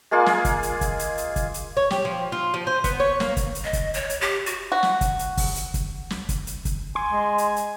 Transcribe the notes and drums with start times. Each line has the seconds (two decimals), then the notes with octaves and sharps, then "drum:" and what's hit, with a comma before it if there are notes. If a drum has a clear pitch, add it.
0.11 G#3 A#3 F4 G#4
0.26 drum: snare
0.45 drum: kick, hi-hat
0.63 drum: hi-hat
0.81 drum: kick, hi-hat
0.99 drum: hi-hat
1.18 drum: hi-hat
1.36 drum: kick, hi-hat
1.54 drum: hi-hat
1.77 C#5
1.90 G4, drum: snare
2.05 F3
2.32 F4
2.54 F3
2.67 C5
2.84 B3, drum: kick, hi-hat
3.00 C#5
3.20 A#3, drum: snare
3.37 drum: kick, hi-hat
3.55 drum: hi-hat
3.64 D#5
3.73 drum: kick, hi-hat
3.94 C#5, drum: hi-hat
4.10 drum: hi-hat
4.21 G4
4.46 F#4, drum: hi-hat
4.72 F#4
4.83 drum: snare
5.01 drum: kick, hi-hat
5.19 drum: hi-hat
5.37 drum: kick, open hi-hat
5.56 drum: hi-hat
5.74 drum: kick, hi-hat
6.10 drum: snare
6.29 drum: kick, hi-hat
6.47 drum: hi-hat
6.65 drum: kick, hi-hat
6.95 G#5 C6
7.12 G#3
7.38 drum: hi-hat
7.56 drum: hi-hat